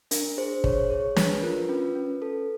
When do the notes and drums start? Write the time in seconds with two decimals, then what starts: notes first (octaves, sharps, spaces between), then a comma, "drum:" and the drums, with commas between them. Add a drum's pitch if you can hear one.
0.11 D4 A#4, drum: hi-hat
0.38 G#4 C5
0.64 G#4 C#5, drum: kick
0.90 G#4 C#5
1.16 D4 B4, drum: snare
1.34 B4
1.43 F4 A#4
1.69 C#4 B4
1.95 C#4
2.22 A4